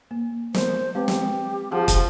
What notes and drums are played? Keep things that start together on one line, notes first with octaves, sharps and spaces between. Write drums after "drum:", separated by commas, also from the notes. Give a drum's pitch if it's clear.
A#3
A#4 C5, drum: snare
G#3 C4 G4 B4
drum: snare
F3 G#4 F#5 A5
drum: kick, hi-hat